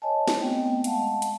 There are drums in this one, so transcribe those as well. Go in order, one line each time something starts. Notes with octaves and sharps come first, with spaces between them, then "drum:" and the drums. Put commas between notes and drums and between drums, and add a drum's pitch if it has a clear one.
C#5 D#5 G#5 A5
drum: snare
A3 B3 C4 D#5 G5
G#3 D#5 F5 F#5 A5, drum: hi-hat
drum: hi-hat